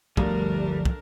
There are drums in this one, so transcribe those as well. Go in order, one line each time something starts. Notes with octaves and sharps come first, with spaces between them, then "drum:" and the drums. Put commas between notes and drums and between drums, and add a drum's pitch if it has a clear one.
G1 D2 F3 G3 A3 D4 A#4 A#5, drum: kick
drum: kick